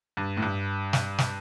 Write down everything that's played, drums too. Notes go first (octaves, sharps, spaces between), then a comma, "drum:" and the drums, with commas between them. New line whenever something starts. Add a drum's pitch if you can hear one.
G2
A2
G2
drum: snare
drum: snare